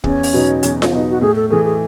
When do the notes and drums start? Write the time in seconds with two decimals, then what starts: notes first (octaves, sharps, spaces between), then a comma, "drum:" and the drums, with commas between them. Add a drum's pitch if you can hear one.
0.04 E2 C#4, drum: kick
0.23 drum: open hi-hat
0.33 B2 F#3 B3 D#4
0.63 E2, drum: hi-hat
0.82 drum: snare F4
0.91 B2 F#3 B3 D#4
1.09 F#4
1.21 A2 G#4
1.36 A4
1.50 E3 A3 G#4
1.65 G#4